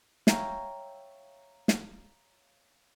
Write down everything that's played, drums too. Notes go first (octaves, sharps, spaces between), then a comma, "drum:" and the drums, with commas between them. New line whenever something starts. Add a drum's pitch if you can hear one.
C#5 E5 F5 G5 A#5, drum: snare
drum: snare